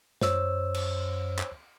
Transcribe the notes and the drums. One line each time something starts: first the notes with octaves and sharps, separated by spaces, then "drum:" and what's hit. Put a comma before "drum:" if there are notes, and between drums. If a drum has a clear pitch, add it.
F#2 C5 C#5 E6, drum: snare
drum: cymbal
drum: clap